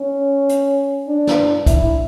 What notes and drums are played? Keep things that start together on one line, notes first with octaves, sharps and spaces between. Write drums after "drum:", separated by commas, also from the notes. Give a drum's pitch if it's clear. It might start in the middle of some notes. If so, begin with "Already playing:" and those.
Already playing: C#4
drum: hi-hat
D4
drum: snare
E4, drum: kick, hi-hat